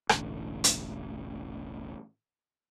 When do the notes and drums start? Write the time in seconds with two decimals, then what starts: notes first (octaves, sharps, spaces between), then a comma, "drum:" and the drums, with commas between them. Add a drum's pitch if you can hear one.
0.09 E1 A1 D3, drum: rim click
0.64 drum: hi-hat